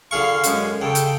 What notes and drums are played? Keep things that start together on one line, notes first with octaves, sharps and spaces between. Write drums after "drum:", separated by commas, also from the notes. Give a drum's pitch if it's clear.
D3 G#4 F5 C#6
F#2 G#3 C#4, drum: hi-hat
C#3 A4 G5
drum: hi-hat